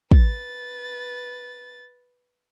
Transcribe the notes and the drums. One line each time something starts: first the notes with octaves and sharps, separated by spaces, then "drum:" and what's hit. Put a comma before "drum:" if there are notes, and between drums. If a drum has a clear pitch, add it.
B4 A6, drum: kick